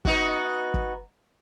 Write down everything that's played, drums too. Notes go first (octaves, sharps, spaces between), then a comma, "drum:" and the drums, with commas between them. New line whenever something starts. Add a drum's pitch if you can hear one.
B3 D#4 F#4, drum: kick
drum: kick